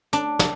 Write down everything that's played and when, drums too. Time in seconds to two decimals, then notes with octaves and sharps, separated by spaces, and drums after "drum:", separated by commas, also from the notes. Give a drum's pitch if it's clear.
0.13 D4, drum: hi-hat
0.39 drum: snare